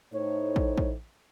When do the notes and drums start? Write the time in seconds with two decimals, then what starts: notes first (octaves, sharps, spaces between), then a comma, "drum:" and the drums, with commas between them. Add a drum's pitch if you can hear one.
0.13 A2 D#4 C5 C#5
0.56 drum: kick
0.78 drum: kick